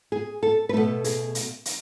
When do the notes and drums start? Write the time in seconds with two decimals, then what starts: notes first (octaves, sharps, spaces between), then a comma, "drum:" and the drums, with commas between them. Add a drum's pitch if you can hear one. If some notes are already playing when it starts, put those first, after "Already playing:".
0.12 G#4
0.43 A4
0.69 B4
0.73 B2 A3 A4
1.04 G#4, drum: hi-hat
1.35 drum: hi-hat
1.65 drum: hi-hat